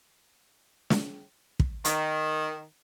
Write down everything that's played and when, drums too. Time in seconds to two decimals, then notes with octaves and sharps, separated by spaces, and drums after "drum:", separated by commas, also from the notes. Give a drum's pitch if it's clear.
0.90 drum: snare
1.60 drum: kick
1.85 D#3, drum: hi-hat